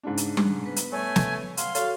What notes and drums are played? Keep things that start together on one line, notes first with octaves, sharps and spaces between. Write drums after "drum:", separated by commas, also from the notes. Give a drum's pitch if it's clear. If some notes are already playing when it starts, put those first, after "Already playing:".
G#2 C#3 D4
drum: hi-hat
drum: tom G3
B3 B4
drum: hi-hat
A3 C#5 G#5
drum: snare
F5 F#5 C6, drum: hi-hat
F#4 A4 C#5 F5, drum: hi-hat